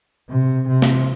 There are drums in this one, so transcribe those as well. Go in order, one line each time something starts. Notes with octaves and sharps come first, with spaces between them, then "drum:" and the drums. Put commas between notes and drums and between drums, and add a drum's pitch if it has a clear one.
C3
C3
drum: snare